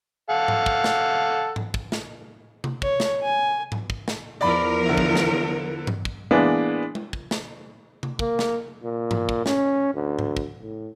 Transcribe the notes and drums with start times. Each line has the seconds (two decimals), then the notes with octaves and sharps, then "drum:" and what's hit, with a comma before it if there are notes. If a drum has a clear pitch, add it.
0.30 A4 F5 F#5
0.48 drum: tom G#2
0.66 drum: kick
0.84 drum: snare
1.56 drum: tom G#2
1.74 drum: kick
1.92 drum: snare
2.64 drum: tom C3
2.82 C#5, drum: kick
3.00 drum: snare
3.22 G#5
3.72 drum: tom G#2
3.90 drum: kick
4.08 drum: snare
4.41 E2 F3 A#4 D5 B5
4.85 D3 E4
4.98 drum: kick
5.15 drum: snare
5.87 drum: tom G2
6.05 drum: kick
6.31 E3 G#3 A#3 B3 D4
6.95 drum: tom G#3
7.13 drum: kick
7.31 drum: snare
8.03 drum: tom C3
8.19 A#3, drum: kick
8.39 drum: snare
8.83 A#2
9.11 drum: tom G2
9.29 drum: kick
9.46 C#4, drum: snare
9.94 D2
10.19 drum: tom G#2
10.37 drum: kick
10.61 A2